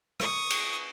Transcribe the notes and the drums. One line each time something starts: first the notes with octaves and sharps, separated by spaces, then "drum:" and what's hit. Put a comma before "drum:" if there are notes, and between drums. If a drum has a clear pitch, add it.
C#6 D#6, drum: rim click
drum: cymbal